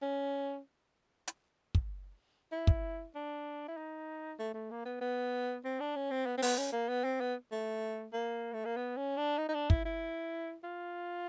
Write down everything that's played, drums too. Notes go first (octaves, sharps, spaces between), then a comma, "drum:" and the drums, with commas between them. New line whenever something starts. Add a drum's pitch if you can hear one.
C#4
drum: hi-hat
drum: kick
E4
drum: kick
D4
E4
D#4
A3
A3
A#3
B3
B3
C4
D4
C#4
C4
B3
C4
B3, drum: open hi-hat
C#4
A#3
B3
C4
B3
A3
A#3
A3
A#3
B3
C#4
D4
D#4
D#4
D4
E4, drum: kick
E4
F4